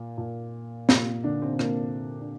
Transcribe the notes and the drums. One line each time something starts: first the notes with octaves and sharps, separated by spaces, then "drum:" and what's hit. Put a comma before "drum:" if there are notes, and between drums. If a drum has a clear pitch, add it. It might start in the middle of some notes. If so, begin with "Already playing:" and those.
Already playing: A#2
A#2
A#2 A#3, drum: snare
D3 D4
C3 C4
C4
A#2 A#3, drum: rim click
D4